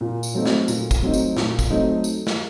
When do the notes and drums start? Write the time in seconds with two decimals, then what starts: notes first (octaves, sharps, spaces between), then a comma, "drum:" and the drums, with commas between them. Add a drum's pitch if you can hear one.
0.01 A#2
0.23 drum: tambourine
0.35 F#3 A3 C4 D#4
0.46 drum: snare
0.68 A#2, drum: tambourine
0.91 drum: kick, tambourine
1.02 F#3 A3 C4 D#4
1.13 drum: tambourine
1.37 A#2, drum: snare
1.59 drum: kick, tambourine
1.70 F#3 A3 C4 D#4
2.04 drum: tambourine
2.27 drum: snare